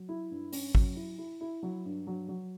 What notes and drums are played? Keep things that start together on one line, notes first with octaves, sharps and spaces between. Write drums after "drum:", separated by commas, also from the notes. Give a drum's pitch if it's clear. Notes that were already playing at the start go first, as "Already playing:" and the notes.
Already playing: F#3
E4
G2
C#4, drum: open hi-hat
F#3, drum: kick
E4
E4
E4
F#3
G2
F#3
F#3